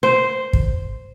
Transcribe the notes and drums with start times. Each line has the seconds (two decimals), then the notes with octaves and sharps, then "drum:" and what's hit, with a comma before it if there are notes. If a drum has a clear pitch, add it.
0.03 C5
0.53 drum: kick